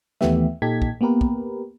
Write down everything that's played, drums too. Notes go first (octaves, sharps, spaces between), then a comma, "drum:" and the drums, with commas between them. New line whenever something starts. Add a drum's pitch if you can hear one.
D#2 E3 A3 B3 G4 E5, drum: snare
A#2 D#4 G4 A4 G#6 B6
drum: kick
A#3 B3 G4 A#4 B4
drum: kick